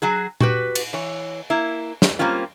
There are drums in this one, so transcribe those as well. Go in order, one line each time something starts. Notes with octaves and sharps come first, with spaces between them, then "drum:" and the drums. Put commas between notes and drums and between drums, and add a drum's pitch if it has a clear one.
F#3 F#4 G#4
F#4 G4 B4, drum: tom A#2
drum: cymbal
E3 C#5
A#3 E4
drum: snare
G3 A#3 C4 C#4 F4